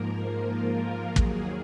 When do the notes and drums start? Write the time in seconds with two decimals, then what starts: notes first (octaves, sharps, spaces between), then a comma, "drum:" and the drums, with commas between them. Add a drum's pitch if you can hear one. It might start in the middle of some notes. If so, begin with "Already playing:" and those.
Already playing: G#2 F3 A#3 A#4
0.35 F4
1.05 D#2 D#3 F#3 A#3 G#4
1.16 drum: kick